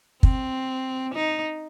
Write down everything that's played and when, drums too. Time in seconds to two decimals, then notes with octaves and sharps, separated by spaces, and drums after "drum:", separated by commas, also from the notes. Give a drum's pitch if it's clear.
0.23 C4, drum: kick
1.15 D#4